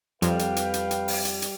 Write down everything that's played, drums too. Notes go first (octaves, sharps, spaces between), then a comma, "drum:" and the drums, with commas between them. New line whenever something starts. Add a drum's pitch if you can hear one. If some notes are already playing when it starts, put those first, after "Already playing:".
F2 G3 B4 F5 G5, drum: hi-hat
drum: hi-hat
drum: hi-hat
drum: hi-hat
drum: hi-hat
drum: open hi-hat
drum: hi-hat
drum: hi-hat